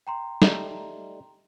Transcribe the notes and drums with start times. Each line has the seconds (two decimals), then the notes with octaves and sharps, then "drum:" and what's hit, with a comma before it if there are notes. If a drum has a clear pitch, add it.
0.07 G5 A#5 C6
0.42 G3 A3 D#4, drum: snare